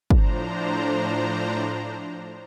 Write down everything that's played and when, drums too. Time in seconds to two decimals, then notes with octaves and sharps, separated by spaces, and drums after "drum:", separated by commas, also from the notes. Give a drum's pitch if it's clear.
0.10 A2 F3 D4 C5 A#5, drum: kick